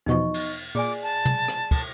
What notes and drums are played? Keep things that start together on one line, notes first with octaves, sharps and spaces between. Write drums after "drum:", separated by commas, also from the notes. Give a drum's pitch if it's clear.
E2 B2 F3 D#4 D#5 C#6
drum: cymbal
A#2 G#4 D5 G#5 D6
A5
drum: tom
drum: rim click
drum: kick, cymbal